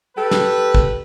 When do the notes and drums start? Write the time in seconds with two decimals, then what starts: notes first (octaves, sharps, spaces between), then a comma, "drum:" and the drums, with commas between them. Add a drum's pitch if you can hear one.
0.17 G3 G4 A4 B4
0.31 drum: snare
0.75 drum: kick